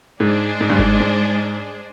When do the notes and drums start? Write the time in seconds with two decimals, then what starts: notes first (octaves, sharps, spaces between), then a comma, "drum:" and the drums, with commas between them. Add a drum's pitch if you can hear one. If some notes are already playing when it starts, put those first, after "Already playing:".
0.20 G#2 G#3 D4 G#4 C5
0.61 G#2
0.70 G2
0.79 G#2, drum: kick G1
1.00 G#2